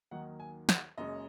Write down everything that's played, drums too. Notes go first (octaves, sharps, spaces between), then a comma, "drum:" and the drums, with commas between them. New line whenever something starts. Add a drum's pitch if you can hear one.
D#2 D#3 F#3 A#3 D#4 F#5
G#5
F#5, drum: snare
F#1 F#2 C#3 G#3 C#4 D#5